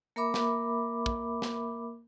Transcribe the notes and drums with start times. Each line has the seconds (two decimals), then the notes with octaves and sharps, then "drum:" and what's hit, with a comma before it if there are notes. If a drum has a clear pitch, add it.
0.16 A#3 A#4 E5 B5 D6
0.34 drum: snare
1.06 drum: kick
1.42 drum: snare